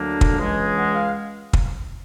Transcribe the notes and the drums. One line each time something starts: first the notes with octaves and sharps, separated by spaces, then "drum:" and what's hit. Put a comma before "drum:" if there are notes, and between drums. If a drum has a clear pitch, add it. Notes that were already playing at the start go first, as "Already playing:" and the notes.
Already playing: D2 D3 F#3 A#3 D4
drum: kick
C#2 C#3 E3 G#3
F#5
F5
drum: kick